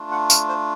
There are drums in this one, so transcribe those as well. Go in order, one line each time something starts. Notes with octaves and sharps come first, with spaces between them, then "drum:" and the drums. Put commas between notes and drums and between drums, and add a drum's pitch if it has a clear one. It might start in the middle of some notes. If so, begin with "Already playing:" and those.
Already playing: A3 D4 F4
F#5
F5, drum: tambourine
C5